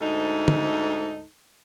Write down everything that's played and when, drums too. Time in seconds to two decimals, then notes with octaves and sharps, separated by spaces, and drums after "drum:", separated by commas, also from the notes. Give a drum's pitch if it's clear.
0.01 D2 G#2 D#4 A4
0.48 drum: tom